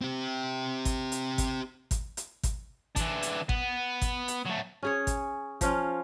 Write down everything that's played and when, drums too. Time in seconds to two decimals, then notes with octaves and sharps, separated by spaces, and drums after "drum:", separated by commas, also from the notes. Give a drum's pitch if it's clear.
0.01 C4 G4
0.85 drum: kick, hi-hat
1.12 drum: hi-hat
1.38 drum: kick, hi-hat
1.91 drum: kick, hi-hat
2.17 drum: hi-hat
2.43 drum: kick, hi-hat
2.96 E3 D4, drum: kick, hi-hat
3.23 drum: hi-hat
3.49 B3, drum: kick
4.02 drum: kick, hi-hat
4.28 drum: hi-hat
4.45 F#3 A3
4.83 C#4 G#4 C#5
5.07 drum: kick, hi-hat
5.61 F3 C#4 F4, drum: kick, hi-hat